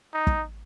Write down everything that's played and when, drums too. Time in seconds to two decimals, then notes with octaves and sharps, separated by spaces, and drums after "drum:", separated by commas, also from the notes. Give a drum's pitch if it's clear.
0.14 D#4
0.27 drum: kick